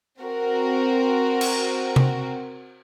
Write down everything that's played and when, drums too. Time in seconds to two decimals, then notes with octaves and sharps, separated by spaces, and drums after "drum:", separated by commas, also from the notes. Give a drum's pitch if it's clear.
0.22 C4 F#4 A#4
1.41 drum: cymbal
1.96 drum: tom C3